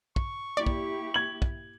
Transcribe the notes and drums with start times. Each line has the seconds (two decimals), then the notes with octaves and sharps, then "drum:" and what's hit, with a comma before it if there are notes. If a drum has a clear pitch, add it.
0.16 C#6, drum: kick
0.57 A#3 E4 G4 D5
0.67 drum: kick
1.14 G#6 F#7
1.42 drum: kick